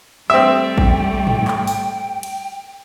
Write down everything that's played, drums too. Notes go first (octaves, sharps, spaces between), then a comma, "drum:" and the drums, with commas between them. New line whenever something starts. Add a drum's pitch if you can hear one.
G3 A3 C4 E5 G5
drum: kick A1
drum: tom G#2
drum: clap
drum: open hi-hat
drum: cymbal